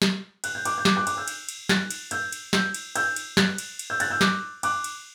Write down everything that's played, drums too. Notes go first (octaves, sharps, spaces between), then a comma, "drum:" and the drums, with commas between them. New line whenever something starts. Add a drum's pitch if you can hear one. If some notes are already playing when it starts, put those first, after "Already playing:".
drum: snare
F#6, drum: cymbal
G6
D6 F#6, drum: cymbal
G6
D6 F#6, drum: snare
D6 F#6
D6 F#6, drum: cymbal
E6 G6
drum: cymbal
drum: cymbal
F#6 A6, drum: snare
drum: cymbal
E6 G6, drum: cymbal
drum: cymbal
E6 G6, drum: snare
drum: cymbal
E6 G6, drum: cymbal
drum: cymbal
F#6 A6, drum: snare
drum: cymbal
drum: cymbal
E6 G6
F#6 A6, drum: cymbal
E6 G6
D6 F#6, drum: snare
D6 F#6, drum: cymbal
drum: cymbal